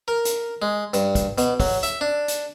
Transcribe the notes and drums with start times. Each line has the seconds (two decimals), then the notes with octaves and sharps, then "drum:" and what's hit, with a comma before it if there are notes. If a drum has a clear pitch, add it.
0.08 A#4
0.25 drum: hi-hat
0.62 G#3
0.94 G2, drum: hi-hat
1.15 drum: kick, hi-hat
1.38 B2, drum: hi-hat
1.60 F#3, drum: kick, open hi-hat
1.83 E5, drum: hi-hat
2.01 D4
2.28 drum: hi-hat